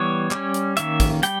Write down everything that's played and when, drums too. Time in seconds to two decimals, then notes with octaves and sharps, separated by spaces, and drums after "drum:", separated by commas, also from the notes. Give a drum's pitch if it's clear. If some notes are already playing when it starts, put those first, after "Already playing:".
Already playing: E3 G3 B3 C#5
0.31 G3 C#4, drum: clap
0.54 drum: hi-hat
0.77 D#3 A#3 C#4 E5, drum: hi-hat
1.00 drum: kick, hi-hat
1.23 G3 G5, drum: hi-hat